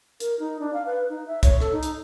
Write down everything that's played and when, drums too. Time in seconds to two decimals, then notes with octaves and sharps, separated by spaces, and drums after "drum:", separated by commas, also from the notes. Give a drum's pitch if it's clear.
0.20 A#4, drum: hi-hat
0.39 D#4
0.60 D4
0.73 F5
0.86 B4
1.10 D#4
1.27 E5
1.43 C#5, drum: kick, hi-hat
1.60 A4, drum: rim click
1.72 D#4
1.83 drum: hi-hat